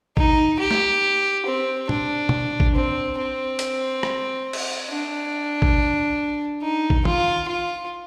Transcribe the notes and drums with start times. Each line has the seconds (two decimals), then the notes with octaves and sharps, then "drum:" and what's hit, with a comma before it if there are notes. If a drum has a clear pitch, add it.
0.17 D#4, drum: kick
0.60 G4
0.71 drum: snare
1.46 C4
1.89 D4, drum: tom
2.29 drum: tom
2.60 drum: kick
2.75 C4
3.18 C4
3.59 drum: hi-hat
4.03 drum: rim click
4.53 drum: cymbal
4.90 D4
5.62 drum: kick
6.62 D#4
6.90 drum: kick
7.05 F4, drum: tom
7.48 F4